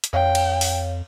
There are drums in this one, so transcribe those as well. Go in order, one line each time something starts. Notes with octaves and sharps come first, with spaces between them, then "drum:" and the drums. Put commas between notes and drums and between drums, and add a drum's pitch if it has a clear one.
drum: hi-hat
F2 C#5 F5 G5
drum: cymbal
drum: open hi-hat